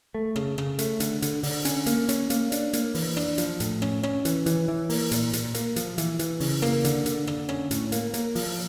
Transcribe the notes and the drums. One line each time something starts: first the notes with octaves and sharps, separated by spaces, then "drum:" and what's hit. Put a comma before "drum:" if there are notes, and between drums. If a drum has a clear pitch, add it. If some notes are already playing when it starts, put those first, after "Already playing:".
A3
C#3, drum: rim click
C#3, drum: rim click
A3, drum: hi-hat
D3, drum: hi-hat
D3, drum: hi-hat
D3, drum: open hi-hat
C#4, drum: hi-hat
A#3, drum: hi-hat
C#4, drum: hi-hat
A#3, drum: hi-hat
D4, drum: hi-hat
A#3, drum: hi-hat
E3, drum: open hi-hat
D4, drum: rim click
F3, drum: hi-hat
A2, drum: hi-hat
C#4, drum: rim click
C#4, drum: rim click
E3, drum: hi-hat
E3, drum: hi-hat
E3
A#3, drum: open hi-hat
A#2, drum: hi-hat
A#2, drum: hi-hat
A#3, drum: hi-hat
F3, drum: hi-hat
E3, drum: hi-hat
E3, drum: hi-hat
C#3, drum: open hi-hat
A#3, drum: rim click
D3, drum: hi-hat
D3, drum: hi-hat
D3, drum: rim click
C#4, drum: rim click
A2, drum: hi-hat
A#3, drum: hi-hat
A#3, drum: hi-hat
F3, drum: open hi-hat